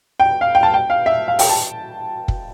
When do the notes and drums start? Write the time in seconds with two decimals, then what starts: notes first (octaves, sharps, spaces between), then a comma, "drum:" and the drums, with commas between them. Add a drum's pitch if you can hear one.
0.20 G5
0.41 F5
0.55 G5
0.63 A5
0.74 G5
0.90 F5
1.06 E5
1.28 F5
1.39 G5, drum: open hi-hat
1.49 A5
2.28 drum: kick